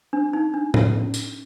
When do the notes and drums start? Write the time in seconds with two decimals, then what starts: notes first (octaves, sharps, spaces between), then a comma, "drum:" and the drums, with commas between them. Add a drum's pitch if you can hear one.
0.13 D4
0.33 D#4
0.54 D4
0.74 C#4, drum: tom A2
1.14 drum: tambourine